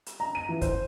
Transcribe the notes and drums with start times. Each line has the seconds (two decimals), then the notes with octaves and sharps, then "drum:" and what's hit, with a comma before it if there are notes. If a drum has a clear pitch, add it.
0.06 drum: hi-hat
0.20 A#5
0.35 D#7
0.49 E3
0.61 C5, drum: kick, hi-hat